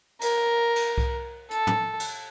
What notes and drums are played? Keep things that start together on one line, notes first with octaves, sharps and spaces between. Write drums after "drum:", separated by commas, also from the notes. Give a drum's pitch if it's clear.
A#4, drum: cymbal
drum: cymbal
drum: kick C2
A4, drum: hi-hat
drum: tom
drum: cymbal